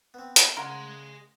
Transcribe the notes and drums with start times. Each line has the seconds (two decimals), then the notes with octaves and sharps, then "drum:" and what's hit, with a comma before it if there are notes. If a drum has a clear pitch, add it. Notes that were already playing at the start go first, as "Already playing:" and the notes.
0.14 B3 C4
0.36 drum: hi-hat
0.57 C#3 G#4 A#4 F#5 C6